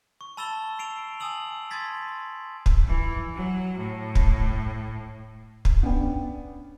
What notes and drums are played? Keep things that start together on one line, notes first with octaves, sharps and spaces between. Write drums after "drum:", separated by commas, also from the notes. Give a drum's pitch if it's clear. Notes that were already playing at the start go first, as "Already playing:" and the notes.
C#6
A5 B5 E6 A6 E7 G7
C7 D7 F7
G#5 A5 D#6 E6 F#7
A5 C6 D#6 G#6 A6 B6
drum: kick
E3
F#3
A2
drum: kick
drum: kick
B3 C#4 D4 G5